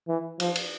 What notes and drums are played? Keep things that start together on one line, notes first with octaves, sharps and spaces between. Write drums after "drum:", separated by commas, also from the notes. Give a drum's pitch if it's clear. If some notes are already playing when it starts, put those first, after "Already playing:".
E3
F3, drum: cymbal
drum: cymbal